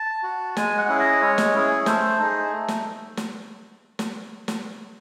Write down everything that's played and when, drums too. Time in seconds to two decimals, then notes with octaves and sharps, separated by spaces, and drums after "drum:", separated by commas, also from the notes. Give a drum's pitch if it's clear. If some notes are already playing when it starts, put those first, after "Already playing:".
Already playing: A5
0.23 F#4
0.57 G#3 G#5, drum: snare
0.78 F#5
0.88 C#4 E4 G#4
1.00 D#5
1.21 G#3 C#5
1.38 drum: snare
1.54 C#4 E4 G#4
1.86 A3 C5, drum: snare
2.20 D#4 G#4
2.52 A3
2.68 drum: snare
3.17 drum: snare
3.99 drum: snare
4.48 drum: snare